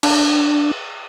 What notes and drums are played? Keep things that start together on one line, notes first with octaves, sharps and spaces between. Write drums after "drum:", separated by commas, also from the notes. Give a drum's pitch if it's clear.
D4, drum: cymbal